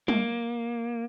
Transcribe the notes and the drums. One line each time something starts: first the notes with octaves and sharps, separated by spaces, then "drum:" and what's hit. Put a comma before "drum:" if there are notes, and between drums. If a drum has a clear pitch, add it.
A#3, drum: tom